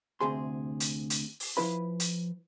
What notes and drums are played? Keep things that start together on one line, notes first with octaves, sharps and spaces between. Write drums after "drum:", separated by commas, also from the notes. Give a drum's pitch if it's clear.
D2 C3 G#4 C6
drum: hi-hat
drum: hi-hat
drum: open hi-hat
F3 E4 B4 B5
drum: hi-hat